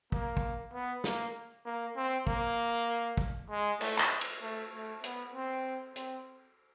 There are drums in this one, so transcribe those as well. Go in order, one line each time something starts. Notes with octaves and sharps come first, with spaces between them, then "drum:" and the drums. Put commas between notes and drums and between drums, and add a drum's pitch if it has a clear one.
A#3, drum: kick
drum: kick
B3
A#3, drum: snare
A#3
C4
A#3, drum: kick
drum: kick
G#3
A3, drum: cymbal
drum: clap
drum: cymbal
A3
A3
B3, drum: hi-hat
C4
C4, drum: hi-hat